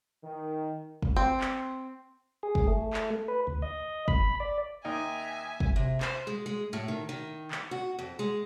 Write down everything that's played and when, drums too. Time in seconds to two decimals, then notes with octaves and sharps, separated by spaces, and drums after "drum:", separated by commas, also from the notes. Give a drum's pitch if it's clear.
0.24 D#3
1.02 drum: kick
1.16 C4
1.41 drum: clap
2.43 G#4
2.55 drum: kick
2.67 A3
2.93 drum: clap
3.28 B4
3.47 D2
3.62 D#5
4.08 B5, drum: kick
4.40 D5
4.84 D#2 D#4 E5 G5 G#5
5.60 drum: kick
5.76 C3
6.01 C5, drum: clap
6.27 G#3
6.46 G#3
6.73 A2
6.88 D#3
7.09 D#3
7.51 drum: clap
7.71 F#4
7.99 F2
8.19 G#3